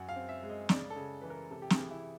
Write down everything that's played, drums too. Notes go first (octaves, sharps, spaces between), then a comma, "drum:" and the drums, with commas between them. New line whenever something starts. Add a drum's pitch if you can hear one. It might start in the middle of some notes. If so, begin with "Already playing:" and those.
Already playing: F#2 F#5
F5
C4
E5
G#3
D#5
C#3 D5, drum: snare
A4
C#3
E3 B4
A#4
C3 A4
G4
G#4, drum: snare
E3
E4